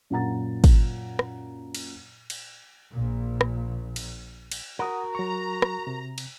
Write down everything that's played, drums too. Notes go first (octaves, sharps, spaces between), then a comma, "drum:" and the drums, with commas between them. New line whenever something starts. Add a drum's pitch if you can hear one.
F#2 A#2 F#5 A#5 A6
drum: kick, cymbal
drum: rim click
drum: cymbal
drum: cymbal
A#1 A#2
drum: rim click
drum: cymbal
drum: cymbal
F#4 A#4 F#5 D#6
F#3 A#5 C#6
drum: rim click
C3
drum: cymbal